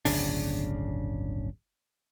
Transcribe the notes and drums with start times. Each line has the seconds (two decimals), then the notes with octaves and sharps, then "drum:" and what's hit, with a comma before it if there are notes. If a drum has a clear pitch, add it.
0.05 D1 G1 C#3 D4, drum: open hi-hat